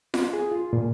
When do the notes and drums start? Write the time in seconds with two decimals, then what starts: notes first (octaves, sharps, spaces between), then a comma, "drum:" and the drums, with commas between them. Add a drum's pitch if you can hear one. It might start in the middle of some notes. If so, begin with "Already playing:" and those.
0.14 F4, drum: snare F4
0.33 G#4
0.52 F4
0.73 A#2